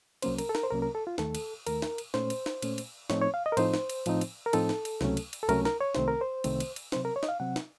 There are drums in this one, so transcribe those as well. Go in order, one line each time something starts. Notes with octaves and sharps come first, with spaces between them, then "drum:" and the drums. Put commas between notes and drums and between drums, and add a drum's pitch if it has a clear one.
C2 C3 F#3 A#3 C#4 C5, drum: cymbal
A#4, drum: cymbal
A4
A#4, drum: snare
C5
C2 C3 F#3 A#3 C#4 A#4
A#4
A4
F4
D#2 D#3 A3 A4, drum: snare
drum: cymbal
D#2 D#3 A3 A#4, drum: cymbal
drum: snare
drum: cymbal
A#2 A3 C#4 C5, drum: snare
drum: cymbal
drum: snare
A#2 A3 C#4, drum: cymbal
drum: cymbal
A2 F3 A3 C4 D#4 C#5, drum: snare
C#5
F5
D#5
A#4
A2 F3 A3 C4 D#4 C5, drum: cymbal
drum: snare
drum: cymbal
A2 F3 C4 D#4, drum: cymbal
drum: cymbal
A#4
A2 F3 C4 D#4 A4, drum: cymbal
drum: snare
drum: cymbal
C#2 C3 F#3 A3 C#4, drum: snare
drum: cymbal
drum: cymbal
A4
C#2 C3 F#3 A3 C#4 A#4, drum: cymbal
A#4, drum: snare
C#5
C2 C3 D#3 A3 C4 C5, drum: snare
A#4
C5
C2 C3 D#3 A3 C4, drum: cymbal
drum: cymbal
drum: cymbal
C3 F#3 C4 C5, drum: snare
A#4
C#5
D#5, drum: snare
F5
C3 F#3 C4 F#5
drum: snare